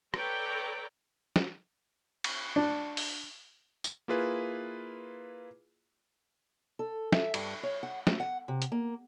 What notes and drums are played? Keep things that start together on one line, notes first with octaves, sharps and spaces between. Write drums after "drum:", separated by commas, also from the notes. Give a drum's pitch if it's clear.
A4 B4 C#5 D5 G5 A#5, drum: rim click
drum: snare
drum: cymbal
D4
drum: open hi-hat
drum: tambourine
A#3 E4 F4 G#4 B4
A4
E5, drum: snare
G2, drum: cymbal
C#5
F#5
A3, drum: snare
F#5
C3
drum: hi-hat
A#3